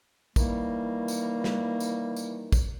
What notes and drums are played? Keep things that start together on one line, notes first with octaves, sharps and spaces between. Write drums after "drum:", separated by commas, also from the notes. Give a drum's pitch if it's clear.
D#3 E3 G3 A#3, drum: kick, tambourine
drum: tambourine
drum: snare
drum: tambourine
drum: tambourine
drum: kick, tambourine